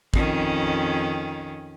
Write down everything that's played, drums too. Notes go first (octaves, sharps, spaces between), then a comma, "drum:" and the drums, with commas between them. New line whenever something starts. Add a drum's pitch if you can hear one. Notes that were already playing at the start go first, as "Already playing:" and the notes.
F2 D#3 C#4, drum: kick G#1